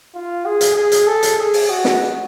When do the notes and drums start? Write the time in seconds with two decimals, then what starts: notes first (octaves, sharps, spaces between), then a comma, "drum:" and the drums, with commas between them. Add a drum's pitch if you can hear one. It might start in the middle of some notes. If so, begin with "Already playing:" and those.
0.14 F4
0.45 G#4
0.61 drum: hi-hat
0.76 G#4
0.92 drum: hi-hat
1.07 A4
1.23 drum: hi-hat
1.38 G#4
1.54 drum: open hi-hat
1.69 F#4
1.85 drum: snare